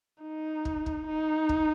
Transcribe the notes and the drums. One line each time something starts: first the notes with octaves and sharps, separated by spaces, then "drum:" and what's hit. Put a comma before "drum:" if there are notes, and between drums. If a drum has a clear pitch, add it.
D#4
drum: kick
drum: kick
D#4
drum: kick